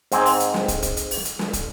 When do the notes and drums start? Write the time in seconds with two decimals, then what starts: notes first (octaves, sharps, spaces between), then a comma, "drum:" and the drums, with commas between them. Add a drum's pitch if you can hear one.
0.12 G#2 C4 G#5, drum: hi-hat
0.26 drum: open hi-hat
0.40 drum: hi-hat
0.54 drum: snare
0.68 drum: kick, hi-hat
0.82 drum: kick, hi-hat
0.97 drum: hi-hat
1.11 drum: open hi-hat
1.25 drum: hi-hat
1.39 drum: snare
1.53 drum: kick, hi-hat